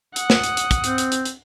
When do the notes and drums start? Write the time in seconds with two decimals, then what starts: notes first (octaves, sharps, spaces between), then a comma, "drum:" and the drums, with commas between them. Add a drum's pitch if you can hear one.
0.16 F#5 D#6, drum: hi-hat
0.30 drum: snare
0.43 drum: hi-hat
0.57 drum: hi-hat
0.71 drum: kick, hi-hat
0.84 C4, drum: hi-hat
0.98 drum: hi-hat
1.12 drum: hi-hat
1.25 drum: hi-hat